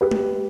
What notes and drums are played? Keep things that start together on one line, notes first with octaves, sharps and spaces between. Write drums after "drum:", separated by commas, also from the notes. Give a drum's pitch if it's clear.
G4 B4
drum: tom G#3